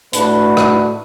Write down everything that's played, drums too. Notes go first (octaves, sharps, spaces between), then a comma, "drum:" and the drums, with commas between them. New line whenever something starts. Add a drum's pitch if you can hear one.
A2 A3 D4 F#4 B4, drum: hi-hat
drum: rim click